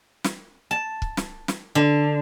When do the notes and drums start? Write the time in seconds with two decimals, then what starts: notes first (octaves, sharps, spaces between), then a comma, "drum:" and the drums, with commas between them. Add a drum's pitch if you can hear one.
0.24 drum: snare
0.71 A5
1.02 drum: kick
1.17 drum: snare
1.48 drum: snare
1.75 D3